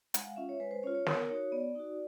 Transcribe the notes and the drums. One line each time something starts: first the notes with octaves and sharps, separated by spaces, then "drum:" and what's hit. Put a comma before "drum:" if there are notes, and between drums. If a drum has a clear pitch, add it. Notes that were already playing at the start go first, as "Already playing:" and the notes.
G#3 F#5, drum: hi-hat
F5
C#4 F4 E5
C#5
G#3 B4
C5
C#4 F4 C#5
C#5
B3 A#4, drum: snare
D#4 F#4 C#5
B3 D5
D#4 F#4